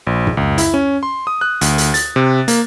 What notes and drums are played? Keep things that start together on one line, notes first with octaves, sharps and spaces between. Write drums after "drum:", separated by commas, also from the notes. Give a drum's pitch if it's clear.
A#1
drum: tom
C#2
E4, drum: hi-hat
C#4
C6
D#6
F#6
D2, drum: hi-hat
drum: hi-hat
A6, drum: hi-hat
C3
A#3, drum: hi-hat